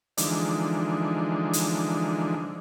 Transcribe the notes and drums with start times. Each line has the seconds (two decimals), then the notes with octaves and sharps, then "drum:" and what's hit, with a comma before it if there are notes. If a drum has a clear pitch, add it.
0.18 D3 E3 F3 G#3 D4 D#4, drum: hi-hat
1.53 drum: hi-hat